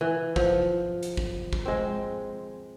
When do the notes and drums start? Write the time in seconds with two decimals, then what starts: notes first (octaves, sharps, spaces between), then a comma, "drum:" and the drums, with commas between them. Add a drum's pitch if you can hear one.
0.01 E3
0.36 F3, drum: kick
1.03 drum: hi-hat
1.17 drum: kick
1.53 drum: kick
1.65 G#3 C4